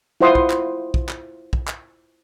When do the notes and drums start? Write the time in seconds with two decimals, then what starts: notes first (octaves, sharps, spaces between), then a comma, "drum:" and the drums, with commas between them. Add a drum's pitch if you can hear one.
0.21 E4 F4 C5 F#5 C6 D#6
0.35 drum: kick B1
0.50 drum: clap
0.94 drum: kick B1
1.09 drum: clap
1.53 drum: kick B1
1.68 drum: clap